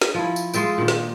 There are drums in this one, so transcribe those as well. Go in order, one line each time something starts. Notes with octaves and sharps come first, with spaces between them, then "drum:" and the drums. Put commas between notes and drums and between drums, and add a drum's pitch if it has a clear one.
drum: snare
F3 E4
drum: tambourine
G#3 F4 E5 G5, drum: tambourine
A#2 D#3
drum: snare